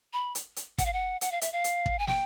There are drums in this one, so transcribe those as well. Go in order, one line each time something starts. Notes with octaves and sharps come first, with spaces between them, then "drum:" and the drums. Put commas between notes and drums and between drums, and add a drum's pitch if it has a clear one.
B5
drum: hi-hat
drum: hi-hat
F#5, drum: kick, hi-hat
F5
F#5
F#5, drum: hi-hat
F5
E5, drum: hi-hat
F5
drum: hi-hat
drum: kick
G#5
G5, drum: snare